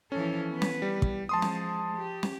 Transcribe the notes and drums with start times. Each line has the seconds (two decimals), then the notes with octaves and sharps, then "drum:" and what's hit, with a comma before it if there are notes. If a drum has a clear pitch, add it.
0.12 E3 F3 C#4 A4
0.50 B3 B4
0.62 drum: snare
0.82 G3
1.02 drum: kick
1.29 F3 G#3 A5 C6 D#6
1.42 drum: snare
1.96 G4
2.23 drum: snare